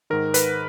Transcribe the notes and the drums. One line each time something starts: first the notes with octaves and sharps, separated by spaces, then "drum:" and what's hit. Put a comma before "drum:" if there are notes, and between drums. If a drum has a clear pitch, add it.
G#2 D#3 A#4
B4, drum: hi-hat